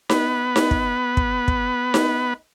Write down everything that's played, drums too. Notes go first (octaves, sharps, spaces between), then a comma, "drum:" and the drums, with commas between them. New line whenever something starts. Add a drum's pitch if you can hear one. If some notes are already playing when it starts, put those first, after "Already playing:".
B3 B4, drum: snare D#4
drum: snare D#4
drum: kick
drum: kick
drum: kick
drum: snare D#4